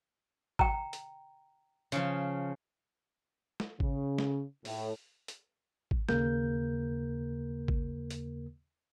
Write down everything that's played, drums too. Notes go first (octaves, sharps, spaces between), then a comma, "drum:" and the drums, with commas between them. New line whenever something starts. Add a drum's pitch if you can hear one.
G5 A#5, drum: kick G#1
drum: hi-hat
C#3 F3, drum: hi-hat
drum: snare
C#3, drum: kick G#1
drum: snare
A2, drum: open hi-hat
drum: hi-hat
drum: kick G#1
D#2 C#3 A#3 A#4 G6, drum: snare
drum: kick G#1
drum: hi-hat